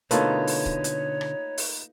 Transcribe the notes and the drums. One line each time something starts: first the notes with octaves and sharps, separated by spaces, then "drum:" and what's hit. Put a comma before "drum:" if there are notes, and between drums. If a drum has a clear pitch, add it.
B2 D3 A3 A#3 D#4 F4 B4 C#5, drum: hi-hat
drum: open hi-hat
drum: kick D#1
drum: hi-hat
drum: rim click
drum: open hi-hat